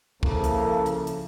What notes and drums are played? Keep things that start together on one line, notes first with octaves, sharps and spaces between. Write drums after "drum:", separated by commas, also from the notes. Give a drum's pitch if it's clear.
C#3 F3 A#3 E4 A4, drum: kick
drum: hi-hat
drum: hi-hat
drum: hi-hat